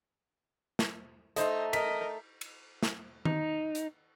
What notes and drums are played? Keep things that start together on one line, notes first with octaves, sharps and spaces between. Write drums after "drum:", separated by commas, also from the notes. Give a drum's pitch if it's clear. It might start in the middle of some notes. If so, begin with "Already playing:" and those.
drum: snare
A3 D#4 C5 D#5, drum: hi-hat
A#4 D#5 B6, drum: cymbal
drum: cymbal
drum: snare
D#4, drum: tom D#3
drum: hi-hat